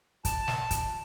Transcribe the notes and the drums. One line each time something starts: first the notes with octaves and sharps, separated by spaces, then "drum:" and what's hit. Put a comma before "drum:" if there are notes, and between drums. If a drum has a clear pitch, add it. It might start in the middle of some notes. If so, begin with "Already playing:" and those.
A5, drum: kick, hi-hat
drum: snare
drum: kick, hi-hat